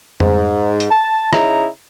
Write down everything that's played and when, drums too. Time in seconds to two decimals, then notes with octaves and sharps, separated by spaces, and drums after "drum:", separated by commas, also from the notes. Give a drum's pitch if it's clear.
0.20 G#2, drum: tom F2
0.80 drum: hi-hat
0.91 A5
1.33 C#3 D#4 E4 A#5, drum: rim click